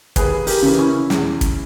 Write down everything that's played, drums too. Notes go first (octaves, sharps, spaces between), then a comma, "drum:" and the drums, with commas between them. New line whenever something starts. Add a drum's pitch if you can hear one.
D#2 G#4 B4, drum: kick, hi-hat
G4 A#4, drum: open hi-hat
C#3 E3
C#4 E4
E2, drum: snare
drum: kick, hi-hat